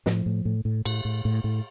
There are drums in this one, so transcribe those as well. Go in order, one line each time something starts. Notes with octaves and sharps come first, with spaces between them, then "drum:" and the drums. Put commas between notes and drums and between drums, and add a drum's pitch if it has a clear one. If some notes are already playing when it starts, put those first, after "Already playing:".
A2 F3, drum: snare
A2
A2
A2
A2, drum: cymbal
A2
A2
A2